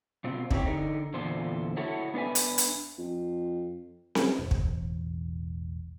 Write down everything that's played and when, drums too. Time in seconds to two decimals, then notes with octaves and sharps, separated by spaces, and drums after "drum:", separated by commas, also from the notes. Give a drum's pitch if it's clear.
0.24 B2 C4 F4
0.51 C4 D4 E4 F#4 G4 C#5, drum: kick
0.66 D3 D#4
1.14 E2 A#2 D3 F4 C5
1.77 E4 F#4 A4 C#5
2.14 B3 D4 B4 E5 G#5
2.35 drum: hi-hat
2.58 drum: hi-hat
2.99 F2
4.15 drum: snare C4
4.39 E1 A1
4.51 drum: kick